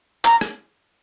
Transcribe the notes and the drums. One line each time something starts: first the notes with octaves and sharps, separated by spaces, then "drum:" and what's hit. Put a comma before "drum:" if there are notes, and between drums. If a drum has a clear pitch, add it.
A#5, drum: clap
drum: rim click